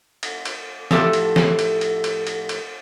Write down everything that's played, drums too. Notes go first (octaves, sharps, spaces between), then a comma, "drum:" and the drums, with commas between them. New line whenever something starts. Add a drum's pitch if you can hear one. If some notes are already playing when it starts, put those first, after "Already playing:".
drum: cymbal
drum: cymbal
A2 F3 A3 G4 A4, drum: snare
drum: cymbal
drum: snare
drum: cymbal
drum: cymbal
drum: cymbal
drum: cymbal
drum: cymbal